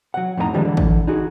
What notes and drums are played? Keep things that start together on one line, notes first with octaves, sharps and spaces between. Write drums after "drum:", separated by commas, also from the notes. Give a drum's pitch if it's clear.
F#3 F#5
F2 A2 D#4 A4 A#5
D3 D#3 F3 G3 G#3 B3
D3 E3
drum: kick
D#4 F#4 G#4